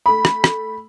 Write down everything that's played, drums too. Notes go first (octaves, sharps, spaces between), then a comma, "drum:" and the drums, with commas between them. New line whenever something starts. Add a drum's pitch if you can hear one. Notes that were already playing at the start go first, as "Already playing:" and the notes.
A3 B5
drum: rim click
drum: rim click